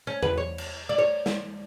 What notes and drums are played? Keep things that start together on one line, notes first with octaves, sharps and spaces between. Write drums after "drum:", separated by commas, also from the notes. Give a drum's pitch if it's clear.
C#4
B4, drum: tom E2
C#5
drum: cymbal
D5
C#5
drum: snare